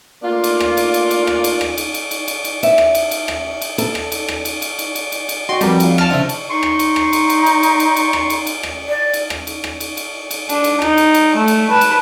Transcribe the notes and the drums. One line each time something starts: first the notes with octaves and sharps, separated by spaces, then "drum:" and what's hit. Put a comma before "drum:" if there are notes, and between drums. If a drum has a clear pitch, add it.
A3 A#3 D4 F4
drum: cymbal
drum: rim click
drum: cymbal
drum: cymbal
drum: cymbal
drum: rim click
drum: cymbal
drum: rim click
drum: cymbal
drum: cymbal
drum: cymbal
drum: cymbal
drum: cymbal
E5, drum: cymbal
drum: rim click
drum: cymbal
drum: cymbal
drum: rim click
drum: cymbal
A4, drum: cymbal
drum: rim click
drum: cymbal
drum: rim click
drum: cymbal
drum: cymbal
drum: cymbal
drum: cymbal
drum: cymbal
drum: cymbal
F#4 D#5 G5 C6 C#6
F2 G3 A#4 B4 A5 D6, drum: cymbal
F4 F5 F#5, drum: cymbal
A5 F6, drum: rim click
C#3 F3 D4 C5 D#5 E5
drum: cymbal
D#4 C6 C#6
drum: rim click
drum: cymbal
drum: rim click
drum: cymbal
drum: cymbal
drum: cymbal
drum: cymbal
drum: cymbal
drum: cymbal
drum: rim click
drum: cymbal
drum: cymbal
drum: rim click
D5
drum: cymbal
drum: rim click
drum: cymbal
drum: rim click
drum: cymbal
drum: cymbal
drum: cymbal
D4, drum: cymbal
drum: cymbal
D#4, drum: rim click
drum: cymbal
drum: cymbal
A3
drum: cymbal
B4 A5
drum: cymbal